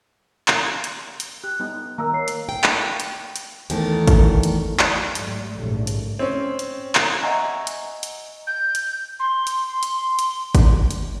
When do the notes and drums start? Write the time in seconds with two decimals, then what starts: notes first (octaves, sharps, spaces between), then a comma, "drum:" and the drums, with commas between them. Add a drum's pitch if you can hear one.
0.48 drum: clap
0.84 drum: hi-hat
1.20 drum: hi-hat
1.44 G4 F#6
1.60 G3 B3 D#4
1.98 D#3 A#3 A#4 A#5 E6
2.13 C#5 C7
2.28 drum: hi-hat
2.49 G5
2.64 drum: clap
3.00 drum: hi-hat
3.36 drum: hi-hat
3.70 E2 D#3 A3 A4 A#4, drum: hi-hat
4.07 drum: kick, hi-hat
4.43 drum: hi-hat
4.79 drum: clap
5.15 G#2 F#3 G3 A3, drum: hi-hat
5.56 A#1 D#2 G#2 C#3 G3 A3
5.87 drum: hi-hat
6.19 C4 C#4
6.59 drum: hi-hat
6.95 drum: clap
7.22 D#5 E5 F#5 G#5 A#5 C#6
7.67 drum: hi-hat
8.03 drum: hi-hat
8.46 G6
8.75 drum: hi-hat
9.19 C6
9.47 drum: hi-hat
9.83 drum: hi-hat
10.19 drum: hi-hat
10.55 drum: kick, hi-hat
10.91 drum: hi-hat